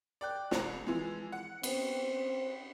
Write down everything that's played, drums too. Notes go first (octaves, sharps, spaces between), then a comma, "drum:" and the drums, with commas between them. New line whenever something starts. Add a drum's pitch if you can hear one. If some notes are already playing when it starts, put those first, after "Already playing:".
D5 G5 F#6
C2 A#5, drum: snare
E3 F3 G#3
F#5
B3 C4, drum: cymbal